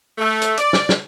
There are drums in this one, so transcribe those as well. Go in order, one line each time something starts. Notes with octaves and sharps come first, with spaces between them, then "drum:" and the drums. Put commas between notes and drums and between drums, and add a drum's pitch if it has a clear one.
A3
drum: hi-hat
D5, drum: hi-hat
drum: snare
drum: snare